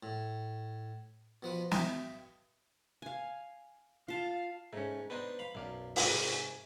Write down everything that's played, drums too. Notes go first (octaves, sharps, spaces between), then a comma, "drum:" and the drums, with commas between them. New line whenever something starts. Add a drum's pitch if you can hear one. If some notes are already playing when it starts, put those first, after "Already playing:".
A2
B2 F3 B4
D#5 E5 G5, drum: snare
F5 G#5
F4 F5 A5
G#2 A3 C#4
B3 D4 D#4 B4 C5
F5 B5
B1 F#2 D5 F5
G#2 C3, drum: open hi-hat
G#5